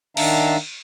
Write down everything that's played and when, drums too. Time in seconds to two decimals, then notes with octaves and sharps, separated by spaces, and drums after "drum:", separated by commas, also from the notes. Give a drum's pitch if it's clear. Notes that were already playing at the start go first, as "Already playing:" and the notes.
0.17 D#3 D4 E5 F5 A5 A#5, drum: cymbal